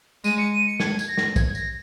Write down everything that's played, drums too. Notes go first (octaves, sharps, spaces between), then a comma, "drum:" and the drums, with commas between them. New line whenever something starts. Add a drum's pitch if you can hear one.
G#3 D#7, drum: tambourine
C#7
D#7
C#7
G#6, drum: snare
drum: tambourine
A#6
drum: snare
G#6, drum: kick, tambourine
A#6, drum: tambourine